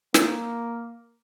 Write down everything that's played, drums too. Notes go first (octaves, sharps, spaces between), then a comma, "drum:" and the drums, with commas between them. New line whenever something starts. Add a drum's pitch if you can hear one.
A#3, drum: snare